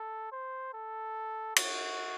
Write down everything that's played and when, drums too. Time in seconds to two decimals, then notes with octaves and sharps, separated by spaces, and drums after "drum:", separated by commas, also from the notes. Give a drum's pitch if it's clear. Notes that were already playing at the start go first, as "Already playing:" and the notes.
Already playing: A4
0.32 C5
0.74 A4
1.56 F#4, drum: cymbal